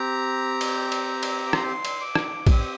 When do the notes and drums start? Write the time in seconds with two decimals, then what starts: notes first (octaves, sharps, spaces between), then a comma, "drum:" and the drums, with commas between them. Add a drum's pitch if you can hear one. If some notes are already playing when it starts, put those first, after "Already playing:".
Already playing: C4 G4 A#5
0.61 drum: cymbal
0.92 drum: cymbal
1.23 drum: cymbal
1.46 D6
1.53 C6, drum: rim click
1.85 drum: cymbal
2.01 D6
2.15 drum: rim click
2.47 C4 G4 D#6, drum: kick A#1, cymbal